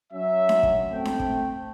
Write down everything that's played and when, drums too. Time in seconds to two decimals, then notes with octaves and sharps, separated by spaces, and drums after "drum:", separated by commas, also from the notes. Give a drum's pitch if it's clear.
0.13 F#3 C#4 E5
0.49 drum: snare D4
0.63 drum: kick
0.91 A3 C4 G5
1.05 drum: snare D4
1.20 drum: kick